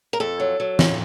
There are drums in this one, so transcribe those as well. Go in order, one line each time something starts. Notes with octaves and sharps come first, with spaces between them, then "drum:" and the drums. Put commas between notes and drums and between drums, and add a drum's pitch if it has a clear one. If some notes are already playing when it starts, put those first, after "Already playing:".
A#4
F2 A4
F#3
F#3
F2, drum: snare